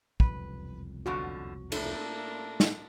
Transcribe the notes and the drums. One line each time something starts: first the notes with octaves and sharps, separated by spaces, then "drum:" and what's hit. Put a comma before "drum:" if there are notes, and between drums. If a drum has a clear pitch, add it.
E1 C2 F2 B4, drum: kick
B2 D3 F3 F#4
A2 A3 A#3 D4, drum: cymbal
drum: snare